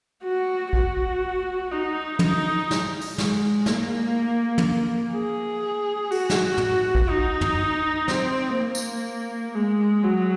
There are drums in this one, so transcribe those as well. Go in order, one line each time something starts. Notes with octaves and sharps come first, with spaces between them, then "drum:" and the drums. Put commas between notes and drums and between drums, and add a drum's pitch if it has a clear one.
F#4
F#4, drum: kick
D#4
D#4, drum: tom
drum: snare
drum: open hi-hat
G#3, drum: snare
A#3, drum: snare
drum: tom
G#4
F#4, drum: open hi-hat
drum: snare
drum: tom
drum: kick
D#4
drum: tom
C4, drum: snare
A#3
drum: tambourine
G#3
F#3